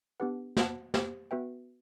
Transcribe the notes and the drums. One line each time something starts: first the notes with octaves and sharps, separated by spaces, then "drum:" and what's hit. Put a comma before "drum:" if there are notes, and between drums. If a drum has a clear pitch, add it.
B3 D4 G4 B4 F#5
F#4 C5 F#5 A5, drum: snare
G4 C5 G5, drum: snare
B3 F#4 B4 E5 G5